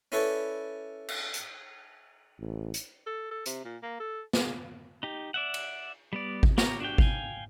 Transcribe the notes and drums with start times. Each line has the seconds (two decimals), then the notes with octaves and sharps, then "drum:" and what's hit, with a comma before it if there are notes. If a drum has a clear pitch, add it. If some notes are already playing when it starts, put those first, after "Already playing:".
0.12 C#4 E4 A4 B4 C#5 D5
1.08 drum: cymbal
1.34 drum: hi-hat
2.39 A1
2.74 drum: hi-hat
3.06 A4
3.31 A4
3.46 C3, drum: hi-hat
3.64 A#2
3.82 A#3
4.00 A4
4.33 G#3, drum: snare
5.03 D#4 G4
5.34 D5 E5 F#5
5.54 drum: cymbal
6.13 G3 B3 D5
6.43 drum: kick G#1
6.58 G4 A#4 C#5 A#5, drum: snare
6.80 D4 F#4 G4 G5
6.98 F5 G5 G#5, drum: kick G#1